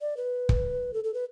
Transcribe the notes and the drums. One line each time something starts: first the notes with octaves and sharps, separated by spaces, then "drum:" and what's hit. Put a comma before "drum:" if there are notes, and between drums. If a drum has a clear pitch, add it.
D5
B4
drum: kick
A4
A4
B4